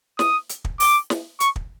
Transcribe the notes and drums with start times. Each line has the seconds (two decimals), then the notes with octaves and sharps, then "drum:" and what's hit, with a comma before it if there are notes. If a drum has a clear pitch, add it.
0.19 D#6, drum: snare
0.49 drum: hi-hat
0.65 drum: kick
0.80 D6, drum: open hi-hat
1.10 drum: snare
1.40 C#6, drum: hi-hat
1.56 drum: kick